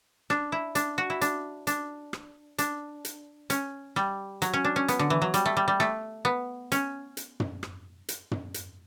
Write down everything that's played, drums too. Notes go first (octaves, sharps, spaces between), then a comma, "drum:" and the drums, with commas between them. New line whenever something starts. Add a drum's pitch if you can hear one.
D4, drum: rim click
E4
D4, drum: hi-hat
F#4
E4
D4, drum: hi-hat
D4, drum: hi-hat
drum: rim click
D4, drum: hi-hat
drum: hi-hat
C#4, drum: hi-hat
G3, drum: rim click
F#3, drum: hi-hat
C#4
D4
C#4
B3, drum: hi-hat
D3
E3
F#3
G3, drum: hi-hat
A3
G3
G3
A3, drum: rim click
B3
C#4, drum: hi-hat
drum: hi-hat
drum: tom
drum: rim click
drum: hi-hat
drum: tom
drum: hi-hat